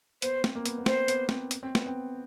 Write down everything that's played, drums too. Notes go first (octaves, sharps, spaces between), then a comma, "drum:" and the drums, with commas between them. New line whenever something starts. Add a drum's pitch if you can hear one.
B3 C5, drum: hi-hat
C4, drum: snare
A#3
B3, drum: hi-hat
B3
C4 C5, drum: snare
B3, drum: hi-hat
C4, drum: snare
drum: hi-hat
C4
B3, drum: snare
C4